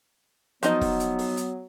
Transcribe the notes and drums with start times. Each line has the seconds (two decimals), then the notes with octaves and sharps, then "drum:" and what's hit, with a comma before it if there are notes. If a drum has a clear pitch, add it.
0.63 F3 F#3 B3 D#4 D#5, drum: hi-hat
0.81 drum: kick, open hi-hat
1.00 drum: hi-hat
1.19 drum: open hi-hat
1.37 drum: hi-hat